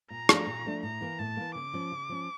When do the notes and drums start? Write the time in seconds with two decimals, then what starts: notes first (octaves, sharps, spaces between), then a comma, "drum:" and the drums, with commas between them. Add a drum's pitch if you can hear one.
0.10 A#2 A#5
0.29 F3 A3 D4, drum: rim click
0.47 A#2
0.65 F3 A3 D4
0.83 A2 A#5
1.01 E3 A#3
1.19 A2 A5
1.37 E3 A#3
1.55 C#3 D6
1.73 F3 C#4
1.92 C#3
2.09 F3 C#4